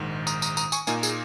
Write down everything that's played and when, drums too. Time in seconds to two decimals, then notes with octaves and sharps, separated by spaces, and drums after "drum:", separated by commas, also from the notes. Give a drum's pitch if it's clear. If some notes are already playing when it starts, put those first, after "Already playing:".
Already playing: A#1 G#2 D#3
0.27 A#5 D#6, drum: tambourine
0.42 A#5 D#6, drum: tambourine
0.57 A#5 D#6, drum: tambourine
0.72 G#5 C#6, drum: tambourine
0.87 A#2 A#3 D#4 D#5 G#5, drum: tambourine
1.03 G#4, drum: tambourine